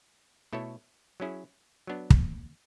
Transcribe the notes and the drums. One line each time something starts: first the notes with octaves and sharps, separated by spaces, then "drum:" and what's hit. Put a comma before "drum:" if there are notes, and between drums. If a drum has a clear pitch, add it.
B2 A3 E4 A4 C#5
F#3 C#4 E4 G#4
F#3 B3 D4
drum: kick